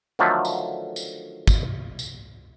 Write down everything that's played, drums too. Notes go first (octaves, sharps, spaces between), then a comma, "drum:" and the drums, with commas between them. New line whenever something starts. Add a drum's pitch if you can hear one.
D3 D#3 F3 F#3 A3
drum: tambourine
drum: tambourine
drum: kick, tambourine
drum: tambourine